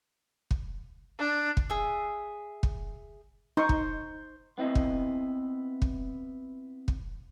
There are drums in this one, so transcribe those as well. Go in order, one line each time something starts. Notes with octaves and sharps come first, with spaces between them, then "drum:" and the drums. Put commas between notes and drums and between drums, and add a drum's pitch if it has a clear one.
drum: kick
D4
drum: kick
G#4 E5
drum: kick
D#4 C5 C#6
drum: kick
B3 C4 E4 D#5
drum: kick
drum: kick
drum: kick